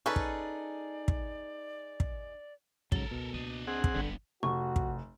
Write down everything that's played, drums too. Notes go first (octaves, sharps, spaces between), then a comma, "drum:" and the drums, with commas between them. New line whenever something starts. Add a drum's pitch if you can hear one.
C#4 D#4 G#4 A4 B4 D5
drum: kick
drum: kick
drum: kick
G#2 C#3 F#3 A4 A#4, drum: kick
C#2 B2
C#2 A#3 D4 D#5
C4 G#4 F#5
drum: kick
D1 G1 G2 D3 B3
F1 F#4 C#6
drum: kick